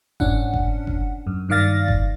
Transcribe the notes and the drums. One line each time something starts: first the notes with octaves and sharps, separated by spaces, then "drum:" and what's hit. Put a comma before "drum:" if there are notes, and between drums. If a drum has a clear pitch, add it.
G#2 C#4 D4 F#5, drum: kick F#1
drum: kick F#1
drum: kick F#1
F#2
G2 D#3 D5 F5 A6 A#6
drum: kick F#1